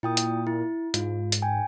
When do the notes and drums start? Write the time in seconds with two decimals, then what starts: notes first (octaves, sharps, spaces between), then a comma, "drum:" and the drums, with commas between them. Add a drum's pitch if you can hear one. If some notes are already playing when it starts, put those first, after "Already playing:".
0.03 A#2 E4 G5 D#6
0.17 drum: hi-hat
0.47 E4
0.94 G#2 F4, drum: hi-hat
1.32 drum: hi-hat
1.42 G5 G#5